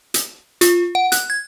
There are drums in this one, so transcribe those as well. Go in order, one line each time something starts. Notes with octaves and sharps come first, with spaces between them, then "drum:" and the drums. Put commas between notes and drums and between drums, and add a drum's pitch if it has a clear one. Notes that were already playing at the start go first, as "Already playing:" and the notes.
drum: hi-hat
F4, drum: hi-hat
F#5
F#6, drum: hi-hat
G#6